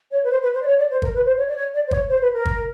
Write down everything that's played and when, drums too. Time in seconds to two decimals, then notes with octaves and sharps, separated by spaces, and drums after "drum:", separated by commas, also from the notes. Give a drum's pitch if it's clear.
0.12 C#5
0.24 B4
0.30 C5
0.42 B4
0.54 C5
0.61 D5
0.66 C#5
0.78 D5
0.90 C5
1.02 A#4, drum: kick
1.14 B4
1.26 C5
1.37 C#5
1.47 D5
1.56 C#5
1.73 D5
1.87 C5
1.91 C#5, drum: kick
2.10 C5
2.21 B4
2.34 A#4
2.45 drum: kick